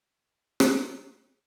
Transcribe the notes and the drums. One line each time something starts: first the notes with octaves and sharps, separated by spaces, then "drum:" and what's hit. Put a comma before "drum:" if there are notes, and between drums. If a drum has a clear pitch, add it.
E4 E5
drum: rim click